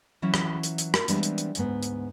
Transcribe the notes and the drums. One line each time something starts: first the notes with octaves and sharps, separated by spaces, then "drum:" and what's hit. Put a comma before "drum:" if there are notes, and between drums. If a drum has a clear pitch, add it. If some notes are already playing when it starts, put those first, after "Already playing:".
E3 F#3 C#4 E4 F4
drum: rim click
drum: hi-hat
drum: hi-hat
A#4, drum: rim click
E3 G3 G#3 B3 C4 D4, drum: hi-hat
drum: hi-hat
drum: hi-hat
D2 G#2 B3, drum: hi-hat
drum: hi-hat